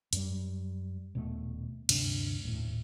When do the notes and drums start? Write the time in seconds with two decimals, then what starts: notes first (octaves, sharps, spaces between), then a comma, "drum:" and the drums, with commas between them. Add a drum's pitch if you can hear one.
0.13 F#2 G3, drum: hi-hat
1.15 D#1 B2 A3
1.89 D2 G2 C3 D4, drum: cymbal
2.45 D#1 A2